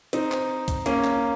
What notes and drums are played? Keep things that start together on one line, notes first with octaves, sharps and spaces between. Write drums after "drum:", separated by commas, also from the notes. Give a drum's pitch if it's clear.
C4 D#4, drum: hi-hat
drum: clap
drum: kick, hi-hat
A#3 C#4, drum: hi-hat
drum: clap